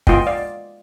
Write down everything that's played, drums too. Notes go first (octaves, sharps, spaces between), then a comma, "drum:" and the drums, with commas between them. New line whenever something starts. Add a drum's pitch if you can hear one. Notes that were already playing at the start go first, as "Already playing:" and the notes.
G#3 B3 F4 D#5 G5, drum: kick
D5 F5